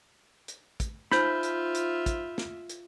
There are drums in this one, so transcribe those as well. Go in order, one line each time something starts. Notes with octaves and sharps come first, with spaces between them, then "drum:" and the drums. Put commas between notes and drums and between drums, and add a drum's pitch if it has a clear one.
drum: hi-hat
drum: kick, hi-hat
D#4 F4 C5 E5 B5 G6, drum: snare
drum: hi-hat
drum: hi-hat
drum: kick, hi-hat
drum: snare
drum: hi-hat